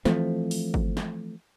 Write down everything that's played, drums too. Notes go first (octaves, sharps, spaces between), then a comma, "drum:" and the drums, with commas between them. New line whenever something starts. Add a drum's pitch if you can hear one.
E3 F3 A3 C4, drum: snare
drum: open hi-hat
drum: kick
drum: snare